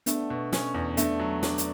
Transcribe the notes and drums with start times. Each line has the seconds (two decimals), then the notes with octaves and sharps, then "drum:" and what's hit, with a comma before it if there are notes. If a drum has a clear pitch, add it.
0.06 A3 B3 D4, drum: hi-hat
0.30 B2
0.53 C#4, drum: snare
0.74 E2
0.97 A3 B3 D4, drum: hi-hat
1.20 F#3
1.43 D4, drum: snare
1.58 drum: hi-hat